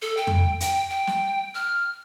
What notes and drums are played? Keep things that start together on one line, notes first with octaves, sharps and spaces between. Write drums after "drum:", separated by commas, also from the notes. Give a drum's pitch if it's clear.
A4
G5
drum: tom
G5, drum: hi-hat
G5
drum: snare
F6